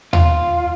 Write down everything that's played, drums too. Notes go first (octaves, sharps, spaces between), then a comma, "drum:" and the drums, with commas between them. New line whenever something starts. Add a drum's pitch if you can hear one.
F4, drum: tom D#2